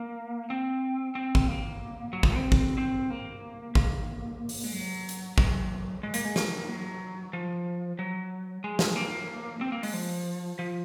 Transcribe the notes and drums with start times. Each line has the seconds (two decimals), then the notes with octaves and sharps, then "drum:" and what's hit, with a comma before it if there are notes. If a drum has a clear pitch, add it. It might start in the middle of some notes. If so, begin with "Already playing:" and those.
Already playing: A#3
0.50 C4
1.15 C4
1.35 drum: kick
1.48 A#3
2.13 F#3
2.23 F3, drum: kick
2.35 C4
2.52 drum: kick
2.78 C4
3.10 A#3
3.75 A#3, drum: kick
4.49 drum: open hi-hat
4.64 G#3
4.73 F#3
5.09 drum: hi-hat
5.38 F#3, drum: kick
6.03 G#3
6.14 A#3, drum: hi-hat
6.25 G#3
6.36 A#3, drum: snare
6.68 F#3
7.33 F3
7.99 F#3
8.64 G#3
8.79 drum: snare
8.96 A#3
9.61 C4
9.72 A#3
9.83 G#3, drum: open hi-hat
9.93 F3
10.59 F3